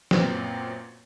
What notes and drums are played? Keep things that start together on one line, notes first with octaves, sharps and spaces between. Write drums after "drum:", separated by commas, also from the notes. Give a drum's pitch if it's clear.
F#2 A#2 F#3 B3 C4, drum: snare